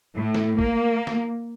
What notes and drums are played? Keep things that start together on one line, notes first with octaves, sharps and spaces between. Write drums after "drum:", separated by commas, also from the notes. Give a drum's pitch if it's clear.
A2
drum: snare
A#3, drum: kick
drum: snare